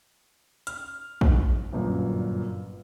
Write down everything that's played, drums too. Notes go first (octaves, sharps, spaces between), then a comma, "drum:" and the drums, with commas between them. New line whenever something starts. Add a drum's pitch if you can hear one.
F6, drum: hi-hat
drum: kick A#1
G1 F#2 A#2